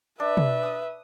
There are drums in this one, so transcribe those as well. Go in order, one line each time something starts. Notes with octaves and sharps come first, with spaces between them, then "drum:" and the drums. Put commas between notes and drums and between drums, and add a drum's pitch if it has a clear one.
D4 B4 E5
drum: tom
D#6